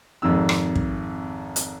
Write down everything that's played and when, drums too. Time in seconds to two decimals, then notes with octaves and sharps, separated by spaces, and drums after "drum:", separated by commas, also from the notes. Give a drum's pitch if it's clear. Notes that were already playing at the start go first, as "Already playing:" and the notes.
0.22 G#1 F2 C3 E6
0.49 drum: rim click
0.76 drum: kick
1.56 drum: hi-hat